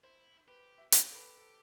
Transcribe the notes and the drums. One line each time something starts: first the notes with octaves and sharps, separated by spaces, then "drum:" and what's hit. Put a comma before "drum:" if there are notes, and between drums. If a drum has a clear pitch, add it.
E4 C5
G4 B4
E5
G4 C5, drum: hi-hat
A4
B4
A4